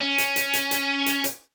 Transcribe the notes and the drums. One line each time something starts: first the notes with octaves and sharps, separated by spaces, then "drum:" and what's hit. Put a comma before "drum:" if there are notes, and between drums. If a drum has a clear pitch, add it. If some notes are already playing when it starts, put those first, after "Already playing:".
C#4
drum: hi-hat
drum: hi-hat
drum: hi-hat
drum: hi-hat
drum: hi-hat
drum: hi-hat